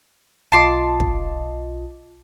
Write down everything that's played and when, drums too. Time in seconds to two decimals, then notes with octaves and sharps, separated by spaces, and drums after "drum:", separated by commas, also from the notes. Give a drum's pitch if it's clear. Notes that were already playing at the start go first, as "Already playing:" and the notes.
0.52 B1 F4 D#5 A5 C6 D6
1.00 drum: kick